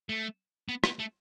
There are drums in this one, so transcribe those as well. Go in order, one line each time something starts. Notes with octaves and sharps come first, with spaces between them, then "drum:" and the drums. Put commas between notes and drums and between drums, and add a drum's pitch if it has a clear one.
A3
B3
B3, drum: rim click
A3